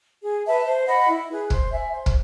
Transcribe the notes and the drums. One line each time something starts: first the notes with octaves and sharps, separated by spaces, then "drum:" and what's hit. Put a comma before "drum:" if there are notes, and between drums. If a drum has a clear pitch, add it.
G#4
B4 E5 A5
C5
D#5 F#5 B5
E4
G#4 B4
C5, drum: kick
E5 G#5
C5
drum: kick